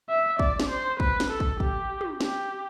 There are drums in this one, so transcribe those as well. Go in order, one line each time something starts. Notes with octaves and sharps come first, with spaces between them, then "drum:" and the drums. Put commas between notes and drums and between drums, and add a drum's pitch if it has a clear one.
E5
D5, drum: kick
drum: snare
C5
B4, drum: kick
drum: snare
A4
drum: kick
G4, drum: kick
drum: tom
G4, drum: snare